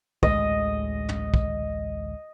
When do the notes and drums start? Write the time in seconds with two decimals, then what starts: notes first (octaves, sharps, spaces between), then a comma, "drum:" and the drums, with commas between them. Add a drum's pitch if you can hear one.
0.23 A1 D2 G#3 D#5, drum: kick
1.09 drum: tom
1.34 drum: kick